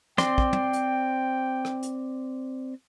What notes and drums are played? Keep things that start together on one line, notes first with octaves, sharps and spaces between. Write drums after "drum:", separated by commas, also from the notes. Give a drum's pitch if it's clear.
C4 D5 G5 C6, drum: snare
drum: kick
drum: tom
drum: hi-hat
drum: rim click
drum: hi-hat